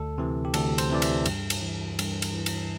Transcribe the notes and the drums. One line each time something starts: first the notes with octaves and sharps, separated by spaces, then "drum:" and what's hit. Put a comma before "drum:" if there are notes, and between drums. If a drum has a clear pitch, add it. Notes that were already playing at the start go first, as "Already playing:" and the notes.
Already playing: D2 A4
C3 E3
G4
D2 A4, drum: cymbal
C5, drum: cymbal
C3 E3 D5
E5, drum: cymbal
G2, drum: cymbal
drum: cymbal
E3
G2, drum: cymbal
drum: cymbal
E3
drum: cymbal